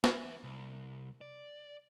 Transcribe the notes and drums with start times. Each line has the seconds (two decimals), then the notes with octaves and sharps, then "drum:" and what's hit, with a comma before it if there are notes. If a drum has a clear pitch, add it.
0.04 B4 E5, drum: snare
0.44 C2
1.21 D5